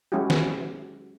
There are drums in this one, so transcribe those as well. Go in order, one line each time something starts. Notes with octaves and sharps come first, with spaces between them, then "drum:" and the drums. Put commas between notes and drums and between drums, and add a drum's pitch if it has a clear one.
F#3 G#3 C#4 E4 F#4 G4
drum: snare